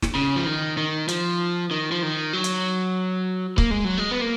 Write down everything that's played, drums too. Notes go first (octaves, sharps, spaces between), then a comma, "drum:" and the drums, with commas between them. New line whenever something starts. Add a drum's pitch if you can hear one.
drum: snare
C#3
F3
D#3
D#3
F3, drum: hi-hat
D#3
F3
D#3
F#3
drum: hi-hat
A#3, drum: kick C#1
G#3
F#3
G#3
B3
A#3